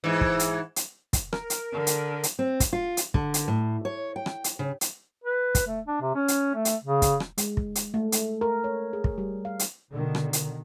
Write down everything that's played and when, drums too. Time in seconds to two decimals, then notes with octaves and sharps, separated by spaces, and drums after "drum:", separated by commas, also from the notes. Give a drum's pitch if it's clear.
0.04 G#2 E3
0.21 drum: kick
0.39 drum: hi-hat
0.76 drum: hi-hat
1.13 drum: kick, hi-hat
1.33 A#4, drum: rim click
1.50 drum: hi-hat
1.72 D3
1.87 drum: hi-hat
2.23 drum: hi-hat
2.39 C4
2.60 drum: kick, hi-hat
2.73 F4
2.97 drum: hi-hat
3.14 D3, drum: kick
3.34 drum: hi-hat
3.48 A2
3.85 C#5
4.16 G5
4.26 drum: rim click
4.44 drum: hi-hat
4.59 C#3
4.81 drum: hi-hat
5.24 B4
5.55 drum: kick, hi-hat
5.67 A3
5.87 D4
6.01 C3
6.15 C#4
6.28 drum: hi-hat
6.55 A3
6.65 drum: hi-hat
6.84 C#3
7.02 drum: kick, hi-hat
7.20 drum: rim click
7.38 G#3, drum: hi-hat
7.57 drum: kick
7.75 drum: hi-hat
7.94 A3
8.12 drum: hi-hat
8.41 A#4
8.64 C#5
8.93 G#4
9.04 drum: kick
9.18 G3
9.45 F5
9.59 drum: hi-hat
9.91 B2 D3 D#3
10.15 drum: rim click
10.33 drum: hi-hat